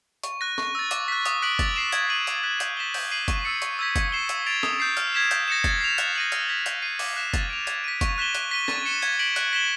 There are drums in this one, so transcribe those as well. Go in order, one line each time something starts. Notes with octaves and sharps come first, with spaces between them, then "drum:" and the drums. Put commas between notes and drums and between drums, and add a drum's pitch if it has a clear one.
C#6, drum: hi-hat
F#6 A#6
C#6, drum: snare
E6 A6
D6, drum: hi-hat
F#6 B6
D#6, drum: hi-hat
F#6 B6 D7 F#7
A6, drum: kick, hi-hat
C7 E7
G#6, drum: hi-hat
B6 D#7 F#7
D#6, drum: hi-hat
F#6 B6 E7
G6, drum: hi-hat
B6 E7 G7
G6, drum: open hi-hat
C7 D#7 F#7
C#6, drum: kick, hi-hat
E6 A6 C#7
C#6, drum: hi-hat
E6 G#6 B6
G#6, drum: kick, hi-hat
C7 E7 G7
E6, drum: hi-hat
A6 D7 F7
D#6, drum: snare
G6 C7
F6, drum: hi-hat
G#6 B6 E7
G6, drum: hi-hat
A#6 C#7 E7
A6, drum: kick, hi-hat
C7 F7
F#6, drum: hi-hat
A#6 D#7 F#7
F6, drum: hi-hat
G#6 B6
G6, drum: hi-hat
C7 D#7
D6, drum: open hi-hat
F#6 B6 E7
A6, drum: kick, hi-hat
D7 F7
G#6, drum: hi-hat
B6 D#7
C#6, drum: kick, hi-hat
F#6 B6 E7 G7
F#6, drum: hi-hat
B6 D#7 G7
A6, drum: snare
C#7 E7 G7
G#6, drum: hi-hat
B6 D7 F#7
F#6, drum: hi-hat
B6 E7 G7